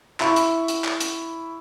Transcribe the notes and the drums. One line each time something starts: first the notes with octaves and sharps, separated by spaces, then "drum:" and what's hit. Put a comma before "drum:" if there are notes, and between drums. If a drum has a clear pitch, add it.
E4 E5 B5 C#6, drum: clap
drum: hi-hat
drum: hi-hat
drum: clap
drum: hi-hat